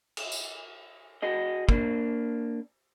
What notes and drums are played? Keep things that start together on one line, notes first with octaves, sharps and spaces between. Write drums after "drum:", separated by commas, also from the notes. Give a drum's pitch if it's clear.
drum: cymbal
drum: tambourine
F#4 G#4 D#5
A#3 D4, drum: kick